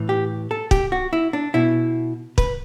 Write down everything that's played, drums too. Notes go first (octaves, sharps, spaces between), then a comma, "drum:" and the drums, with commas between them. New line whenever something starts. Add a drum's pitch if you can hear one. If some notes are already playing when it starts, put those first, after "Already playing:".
Already playing: A2 E3
G4
A4
G4, drum: kick
F#4
E4
D4
B2 E4
B4, drum: kick